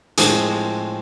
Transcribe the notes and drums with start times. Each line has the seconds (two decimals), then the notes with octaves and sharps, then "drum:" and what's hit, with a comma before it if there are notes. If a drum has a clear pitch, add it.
0.18 A2 F3 G#3 C4 G#4, drum: hi-hat